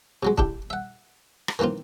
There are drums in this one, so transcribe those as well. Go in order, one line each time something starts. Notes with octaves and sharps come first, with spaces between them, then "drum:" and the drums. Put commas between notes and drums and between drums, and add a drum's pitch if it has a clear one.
C3 F#3 G#3
D4 E4 G4, drum: kick C#1
E5 F#5
drum: rim click
D#3 E3 A#3 C4 F4